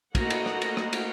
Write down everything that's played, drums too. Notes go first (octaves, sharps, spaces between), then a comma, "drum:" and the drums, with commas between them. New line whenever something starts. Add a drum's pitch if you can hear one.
A3 A#3 F#4 D#5 F#5 A#5, drum: kick, cymbal
drum: cymbal
drum: rim click
drum: cymbal
drum: rim click
drum: cymbal